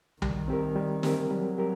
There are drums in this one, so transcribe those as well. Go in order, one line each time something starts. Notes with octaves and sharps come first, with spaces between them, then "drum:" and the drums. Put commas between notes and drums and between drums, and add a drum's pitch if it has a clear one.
D#3 G3, drum: tom B1
C4 G4 A#4
G3
C4 G4 A#4, drum: snare
F#3 G3
C4 G4 A#4